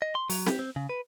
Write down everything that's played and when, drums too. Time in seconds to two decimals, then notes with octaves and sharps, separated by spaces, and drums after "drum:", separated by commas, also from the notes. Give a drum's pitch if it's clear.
0.02 D#5
0.15 C6
0.30 F#3, drum: open hi-hat
0.47 G4, drum: snare C4
0.59 C4
0.76 C#3
0.89 B4